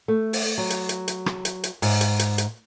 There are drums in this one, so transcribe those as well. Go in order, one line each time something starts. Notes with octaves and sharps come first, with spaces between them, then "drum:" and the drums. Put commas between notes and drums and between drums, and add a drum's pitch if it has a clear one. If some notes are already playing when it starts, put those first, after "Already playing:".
A3
drum: open hi-hat
F#3
drum: hi-hat
drum: hi-hat
drum: hi-hat
drum: rim click
drum: hi-hat
drum: hi-hat
G#2, drum: open hi-hat
drum: hi-hat
drum: hi-hat
drum: hi-hat